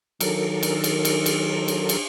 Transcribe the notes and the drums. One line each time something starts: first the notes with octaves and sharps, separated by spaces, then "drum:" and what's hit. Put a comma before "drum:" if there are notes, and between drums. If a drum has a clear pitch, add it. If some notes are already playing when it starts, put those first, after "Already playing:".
D#3 F#3 A4 A#4, drum: cymbal
drum: cymbal
drum: cymbal
drum: cymbal
drum: cymbal
drum: cymbal
drum: cymbal